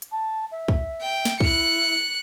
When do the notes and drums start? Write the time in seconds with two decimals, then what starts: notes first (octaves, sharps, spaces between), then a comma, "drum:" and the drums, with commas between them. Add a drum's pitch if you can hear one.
0.02 drum: hi-hat
0.12 A5
0.52 E5
0.68 drum: kick
1.02 G5
1.25 drum: snare
1.40 E4 F#6 C#7, drum: kick